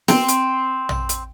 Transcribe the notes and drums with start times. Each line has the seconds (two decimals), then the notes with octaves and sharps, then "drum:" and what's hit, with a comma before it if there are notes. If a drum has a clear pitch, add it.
0.08 C4, drum: snare
0.28 drum: hi-hat
0.89 drum: tom A#1
1.09 drum: hi-hat